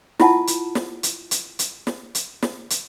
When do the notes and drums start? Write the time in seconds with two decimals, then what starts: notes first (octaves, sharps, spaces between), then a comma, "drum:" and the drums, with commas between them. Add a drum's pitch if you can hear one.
0.20 E4 F4 F#5 A5, drum: snare
0.47 drum: hi-hat
0.75 drum: snare
1.03 drum: hi-hat
1.31 drum: hi-hat
1.59 drum: hi-hat
1.87 drum: snare
2.15 drum: hi-hat
2.42 drum: snare
2.70 drum: hi-hat